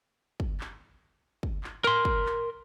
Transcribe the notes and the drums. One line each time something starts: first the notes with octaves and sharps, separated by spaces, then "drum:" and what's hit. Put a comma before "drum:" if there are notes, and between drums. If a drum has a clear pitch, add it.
drum: kick
drum: clap
drum: kick
drum: clap
A#4 C6
drum: kick
drum: clap